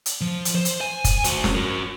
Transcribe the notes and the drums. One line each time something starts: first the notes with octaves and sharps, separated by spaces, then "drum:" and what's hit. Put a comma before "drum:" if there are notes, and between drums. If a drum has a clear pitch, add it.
drum: hi-hat
F3
drum: hi-hat
C5
drum: hi-hat
G#5
drum: kick, hi-hat
F#4 C5, drum: hi-hat
drum: snare
F#4 A#4